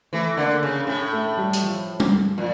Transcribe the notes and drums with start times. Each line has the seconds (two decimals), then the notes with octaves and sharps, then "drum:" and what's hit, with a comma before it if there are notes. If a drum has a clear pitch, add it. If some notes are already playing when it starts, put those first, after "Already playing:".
0.13 E3 A3
0.37 D3 A#3
0.63 C#3 C#4
0.87 A2 C#4
1.12 A3
1.37 G3
1.53 drum: hi-hat
1.62 F3
2.00 drum: tom
2.38 A#2 F3